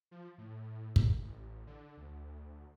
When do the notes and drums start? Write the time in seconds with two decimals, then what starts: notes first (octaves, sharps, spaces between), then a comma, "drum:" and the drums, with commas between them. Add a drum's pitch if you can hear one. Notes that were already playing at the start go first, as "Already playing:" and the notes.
0.11 F3
0.38 A2
0.96 D1, drum: kick
1.21 A1
1.67 D3
1.97 D2